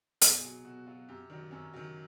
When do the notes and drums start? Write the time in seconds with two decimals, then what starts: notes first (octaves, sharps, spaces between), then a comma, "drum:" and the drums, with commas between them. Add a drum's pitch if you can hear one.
0.21 B2 G#4, drum: hi-hat
0.44 F#3
0.65 B2 F#4
0.86 F#3 F4
1.09 F#2 G4
1.30 D#3 F#3 D4
1.51 F#2 C#4
1.73 D#3 F#3